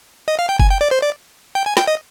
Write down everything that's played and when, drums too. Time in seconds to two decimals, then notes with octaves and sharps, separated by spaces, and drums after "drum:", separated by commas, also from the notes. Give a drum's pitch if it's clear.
0.28 D#5
0.39 F5
0.49 G5
0.60 G#5, drum: kick F#1
0.70 G5
0.81 D5
0.91 C5
1.02 D5
1.55 G5
1.66 G#5
1.77 G5, drum: snare
1.87 D#5